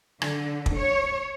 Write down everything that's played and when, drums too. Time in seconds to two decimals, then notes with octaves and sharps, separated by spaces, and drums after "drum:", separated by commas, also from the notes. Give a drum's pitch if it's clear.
0.22 D3, drum: rim click
0.66 drum: kick
0.75 C#5